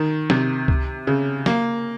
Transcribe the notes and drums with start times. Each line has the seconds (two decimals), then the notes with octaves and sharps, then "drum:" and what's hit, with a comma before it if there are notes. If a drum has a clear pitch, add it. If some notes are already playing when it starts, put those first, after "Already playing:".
Already playing: D#3
0.30 C3, drum: snare
0.68 drum: kick C#2
1.07 C#3
1.46 A#3, drum: snare